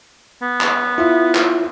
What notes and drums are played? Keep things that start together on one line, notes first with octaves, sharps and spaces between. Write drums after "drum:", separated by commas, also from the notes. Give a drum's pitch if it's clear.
B3
drum: clap
E4 F4 E5
drum: clap